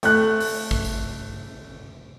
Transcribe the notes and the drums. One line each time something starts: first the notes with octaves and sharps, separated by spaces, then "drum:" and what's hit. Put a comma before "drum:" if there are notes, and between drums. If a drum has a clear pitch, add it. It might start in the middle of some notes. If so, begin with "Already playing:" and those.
A3 F#6, drum: hi-hat
drum: open hi-hat
drum: kick
drum: tambourine